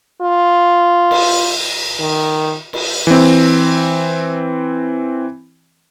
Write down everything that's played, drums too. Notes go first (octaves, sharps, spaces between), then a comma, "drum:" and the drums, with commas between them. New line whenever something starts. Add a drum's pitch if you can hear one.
F4
drum: cymbal
D#3
drum: cymbal
E3 C4